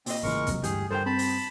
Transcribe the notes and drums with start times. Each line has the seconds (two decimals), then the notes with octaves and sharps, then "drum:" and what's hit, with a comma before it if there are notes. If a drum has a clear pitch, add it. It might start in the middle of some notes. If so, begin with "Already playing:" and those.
0.06 A#2 C4 D#5, drum: open hi-hat
0.23 A1 C#3 E3 G#3 A#4 C#6
0.47 C3 D#3 F#3, drum: kick, hi-hat
0.64 D2 G2 E3 G4 G#4, drum: hi-hat
0.91 G2 A4 A#4 C5 G5
1.06 C4 A5 B5
1.19 drum: open hi-hat